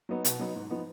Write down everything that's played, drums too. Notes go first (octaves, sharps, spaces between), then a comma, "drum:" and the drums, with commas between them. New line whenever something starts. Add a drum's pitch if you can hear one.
F#3 B3 D#4
B2, drum: hi-hat
F#3 B3 D#4
G#2
F3 B3 D#4